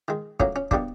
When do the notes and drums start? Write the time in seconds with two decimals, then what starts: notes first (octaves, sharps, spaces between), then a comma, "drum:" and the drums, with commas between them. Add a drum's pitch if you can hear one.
0.08 D#3 G#3
0.40 A2 F#3 A#3 C#4, drum: kick
0.56 C#4
0.71 B2 G3 A#3 D4, drum: kick